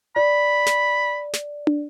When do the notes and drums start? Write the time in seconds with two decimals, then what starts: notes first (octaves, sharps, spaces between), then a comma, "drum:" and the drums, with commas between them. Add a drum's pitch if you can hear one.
0.16 D5 B5
0.66 drum: snare
1.33 drum: snare
1.67 drum: tom